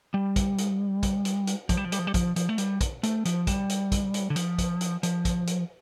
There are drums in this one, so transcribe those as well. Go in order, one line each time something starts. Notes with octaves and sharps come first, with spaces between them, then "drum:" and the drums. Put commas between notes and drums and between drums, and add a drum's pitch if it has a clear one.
G3
drum: kick, hi-hat
drum: hi-hat
drum: kick, hi-hat
drum: hi-hat
drum: hi-hat
F3, drum: kick, hi-hat
G3
F3
G3, drum: hi-hat
F3
G3
F3, drum: kick, hi-hat
F3, drum: hi-hat
A3
G3, drum: hi-hat
drum: kick, hi-hat
A3, drum: hi-hat
F3, drum: hi-hat
G3, drum: kick, hi-hat
drum: hi-hat
drum: kick, hi-hat
drum: hi-hat
D3
F3, drum: hi-hat
drum: kick, hi-hat
drum: hi-hat
F3, drum: hi-hat
drum: kick, hi-hat
drum: hi-hat